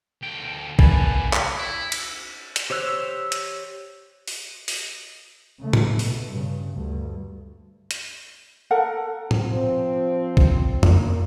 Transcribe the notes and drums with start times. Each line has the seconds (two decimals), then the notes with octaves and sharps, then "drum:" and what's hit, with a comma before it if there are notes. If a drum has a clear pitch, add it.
0.22 D2 G5
0.79 G3 A#3 B4 G#5 A5, drum: kick
1.33 drum: clap
1.58 E4
1.92 drum: cymbal
2.56 drum: hi-hat
2.70 G4 C5 C#5 E6 F#6
3.32 drum: hi-hat
4.28 drum: open hi-hat
4.68 drum: open hi-hat
5.60 C#3 A3
5.73 drum: tom A2
5.99 B2, drum: open hi-hat
6.30 G2 C#3
6.73 D2 G2
7.91 drum: hi-hat
8.71 A4 A#4 F#5
9.31 F3 C4, drum: tom A2
10.37 drum: kick
10.83 A#3, drum: tom F2